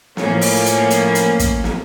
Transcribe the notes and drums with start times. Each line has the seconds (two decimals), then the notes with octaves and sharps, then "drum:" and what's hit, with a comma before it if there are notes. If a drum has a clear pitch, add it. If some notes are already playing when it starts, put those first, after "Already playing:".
0.17 A2 F3 A#3 C#4, drum: snare
0.41 drum: open hi-hat
0.66 drum: hi-hat
0.90 drum: hi-hat
1.15 drum: hi-hat
1.39 drum: kick, hi-hat
1.64 drum: snare